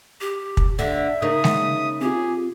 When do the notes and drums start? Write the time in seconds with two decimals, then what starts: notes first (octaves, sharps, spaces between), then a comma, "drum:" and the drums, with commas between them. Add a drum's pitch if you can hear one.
0.21 G4
0.57 drum: kick
0.79 D3 E5
1.22 C#3 A#3 D#4 D#6
1.44 drum: snare G#3
2.01 C4 F4 G4 G#4